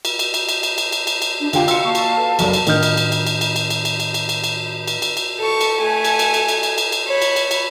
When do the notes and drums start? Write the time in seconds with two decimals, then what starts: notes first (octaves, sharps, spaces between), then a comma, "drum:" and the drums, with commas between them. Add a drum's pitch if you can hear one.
0.05 drum: cymbal
0.19 drum: cymbal
0.34 drum: cymbal
0.49 drum: cymbal
0.63 drum: cymbal
0.78 drum: cymbal
0.92 drum: cymbal
1.07 drum: cymbal
1.22 drum: cymbal
1.40 D4
1.53 D3 F4 G4 F5 G5, drum: cymbal
1.68 F4 F#4 C6 E6 C#7, drum: cymbal
1.85 A#3 A5 C#6
1.95 drum: cymbal
2.17 A4 B4
2.39 F#1 B1 F#3 F#4 A4 D5, drum: cymbal
2.53 drum: cymbal
2.67 A2 D#3 D4 D#5 F6 G6, drum: cymbal
2.83 drum: cymbal
2.97 drum: cymbal
3.12 drum: cymbal
3.27 drum: cymbal
3.41 drum: cymbal
3.56 drum: cymbal
3.70 drum: cymbal
3.85 drum: cymbal
4.00 drum: cymbal
4.14 drum: cymbal
4.29 drum: cymbal
4.44 drum: cymbal
4.88 drum: cymbal
5.02 drum: cymbal
5.17 drum: cymbal
5.39 A4 C#6
5.61 drum: cymbal
5.81 A3 G#5
6.05 drum: cymbal
6.19 drum: cymbal
6.34 drum: cymbal
6.48 drum: cymbal
6.63 drum: cymbal
6.78 drum: cymbal
6.92 drum: cymbal
7.08 C#5 B5
7.22 drum: cymbal
7.36 drum: cymbal
7.51 drum: cymbal